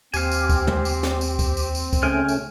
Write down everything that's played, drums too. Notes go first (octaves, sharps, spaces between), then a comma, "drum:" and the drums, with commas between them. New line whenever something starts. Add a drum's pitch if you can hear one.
D#2 C4 G4 F5 G#5, drum: tambourine
drum: tambourine
drum: kick C#2, tambourine
drum: tom
drum: tambourine
drum: snare
drum: tambourine
drum: kick C#2, tambourine
drum: tambourine
drum: tambourine
drum: kick C#2, tambourine
C#3 A3 C#4 G5 G#5 F6
drum: tambourine